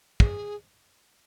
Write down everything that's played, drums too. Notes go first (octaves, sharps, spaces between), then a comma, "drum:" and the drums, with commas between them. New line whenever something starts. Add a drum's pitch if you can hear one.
G#4, drum: kick